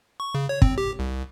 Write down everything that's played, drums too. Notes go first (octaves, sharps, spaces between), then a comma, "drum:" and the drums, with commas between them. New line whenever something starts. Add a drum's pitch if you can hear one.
C#6
C#3
C#5
C4, drum: kick
G4
C2